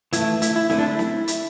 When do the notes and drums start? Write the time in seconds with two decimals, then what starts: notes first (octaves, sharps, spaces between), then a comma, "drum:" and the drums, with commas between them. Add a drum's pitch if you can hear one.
0.13 E3 A3 E4, drum: hi-hat
0.42 E4, drum: hi-hat
0.56 E4
0.70 D3 A3 E4, drum: snare
0.79 D4
0.88 E4
0.99 drum: snare
1.28 drum: hi-hat